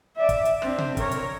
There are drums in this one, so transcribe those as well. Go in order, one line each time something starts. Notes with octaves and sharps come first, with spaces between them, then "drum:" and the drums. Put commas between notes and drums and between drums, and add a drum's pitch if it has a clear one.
D5 E5
drum: kick, hi-hat
drum: hi-hat
C4 D4, drum: rim click
drum: tom C3
A#4 C#5, drum: kick, hi-hat
drum: hi-hat